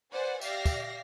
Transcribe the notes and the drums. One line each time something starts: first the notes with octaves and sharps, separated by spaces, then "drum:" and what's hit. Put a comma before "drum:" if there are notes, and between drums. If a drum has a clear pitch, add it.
B4 C5 D5 F#5 G#5
G4 D5 E5 F5 A#6 C7, drum: tambourine
drum: kick, tambourine